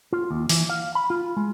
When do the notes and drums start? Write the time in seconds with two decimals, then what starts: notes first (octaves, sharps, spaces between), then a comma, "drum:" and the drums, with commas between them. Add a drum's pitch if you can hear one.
0.13 F4
0.31 D#2
0.49 E3, drum: open hi-hat
0.70 F5
0.95 B5
1.10 F4
1.37 G#3